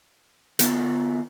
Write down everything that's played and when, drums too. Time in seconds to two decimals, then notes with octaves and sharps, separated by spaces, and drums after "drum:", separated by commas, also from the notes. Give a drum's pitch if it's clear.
0.59 D3 B3 E4 F4, drum: hi-hat